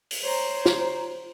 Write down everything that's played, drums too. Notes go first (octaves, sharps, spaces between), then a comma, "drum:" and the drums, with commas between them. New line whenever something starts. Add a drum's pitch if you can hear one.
drum: open hi-hat
C5 C#5 A#5
drum: snare